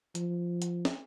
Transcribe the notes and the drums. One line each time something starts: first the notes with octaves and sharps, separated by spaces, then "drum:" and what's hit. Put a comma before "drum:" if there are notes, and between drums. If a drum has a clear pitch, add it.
F3, drum: hi-hat
drum: hi-hat
drum: snare